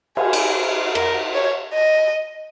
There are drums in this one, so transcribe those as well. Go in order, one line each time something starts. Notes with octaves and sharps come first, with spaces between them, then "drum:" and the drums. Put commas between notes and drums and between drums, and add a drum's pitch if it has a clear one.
G#4, drum: cymbal
drum: cymbal
A#4, drum: rim click
C#5
D#5